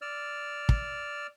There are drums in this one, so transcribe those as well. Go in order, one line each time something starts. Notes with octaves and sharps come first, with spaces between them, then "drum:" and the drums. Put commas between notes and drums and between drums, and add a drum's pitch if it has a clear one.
D5 E6 F6
drum: kick